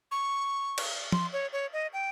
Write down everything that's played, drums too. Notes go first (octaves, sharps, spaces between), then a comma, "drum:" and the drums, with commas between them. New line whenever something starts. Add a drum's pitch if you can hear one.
C#6
drum: cymbal
C6, drum: tom F3
C#5
C#5
D#5
G5